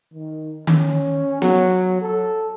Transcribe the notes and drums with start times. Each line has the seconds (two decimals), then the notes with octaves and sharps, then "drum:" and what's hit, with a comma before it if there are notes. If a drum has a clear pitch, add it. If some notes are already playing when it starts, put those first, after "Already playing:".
0.14 D#3
0.67 C#4, drum: tom D#3
1.42 F#3, drum: snare
2.02 A4